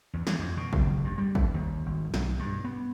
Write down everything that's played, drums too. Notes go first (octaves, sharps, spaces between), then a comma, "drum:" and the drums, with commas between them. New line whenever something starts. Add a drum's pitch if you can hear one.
E2
E3, drum: snare
F2
B2
F#1, drum: kick
G2
G3
drum: kick
D#2
G#1
B1, drum: snare
G2
B3